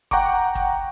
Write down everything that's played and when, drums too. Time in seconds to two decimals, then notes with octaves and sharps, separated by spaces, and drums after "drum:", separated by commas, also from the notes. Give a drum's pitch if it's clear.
0.11 F#5 G5 A#5 C#6 D6, drum: kick
0.55 drum: kick